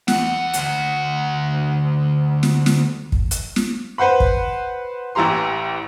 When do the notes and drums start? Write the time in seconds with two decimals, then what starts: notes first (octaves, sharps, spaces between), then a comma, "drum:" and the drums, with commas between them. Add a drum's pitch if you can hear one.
0.08 E2 F#5, drum: snare
0.53 D2 F#4, drum: hi-hat
2.43 drum: snare
2.66 drum: snare
3.12 drum: kick
3.31 drum: hi-hat
3.56 drum: snare
3.98 B4 C5 F#5 B5
4.20 drum: kick
5.15 A1 E3 E4 G4 A#5 C6